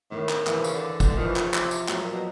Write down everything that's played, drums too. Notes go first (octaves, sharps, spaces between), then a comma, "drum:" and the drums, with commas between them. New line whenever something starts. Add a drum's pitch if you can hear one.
A2 D#3
drum: clap
A#2 E3, drum: clap
C3
C#3, drum: tambourine
D3
drum: kick, tambourine
D3
D#3 F3
E3
D#3, drum: clap
C#3
C3, drum: clap
drum: tambourine
A2 F#3, drum: clap
A#2
B2